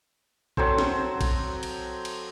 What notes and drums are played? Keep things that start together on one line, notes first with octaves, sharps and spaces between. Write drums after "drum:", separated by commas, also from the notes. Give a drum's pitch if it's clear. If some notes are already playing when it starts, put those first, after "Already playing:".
F#3 C4 A4 C5, drum: kick A#1
drum: snare
drum: kick A#1, cymbal
drum: cymbal
drum: cymbal